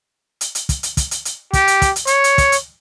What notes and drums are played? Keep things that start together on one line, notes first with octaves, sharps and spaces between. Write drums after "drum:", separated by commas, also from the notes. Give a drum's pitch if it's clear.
drum: hi-hat
drum: hi-hat
drum: kick, hi-hat
drum: hi-hat
drum: kick, hi-hat
drum: hi-hat
drum: hi-hat
G4, drum: kick, hi-hat
drum: hi-hat
drum: kick, hi-hat
drum: hi-hat
C#5, drum: hi-hat
drum: hi-hat
drum: kick, hi-hat
drum: hi-hat